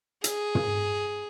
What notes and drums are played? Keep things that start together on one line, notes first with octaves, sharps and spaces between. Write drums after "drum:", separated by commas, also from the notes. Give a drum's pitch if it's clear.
G#4, drum: hi-hat
drum: tom